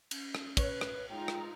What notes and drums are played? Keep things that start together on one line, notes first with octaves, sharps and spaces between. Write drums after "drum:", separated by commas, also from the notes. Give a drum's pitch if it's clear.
C#4, drum: cymbal
drum: rim click
B4 C#5, drum: kick, cymbal
drum: rim click
G#3 D#4 F4 G#4 G5 A#5
drum: rim click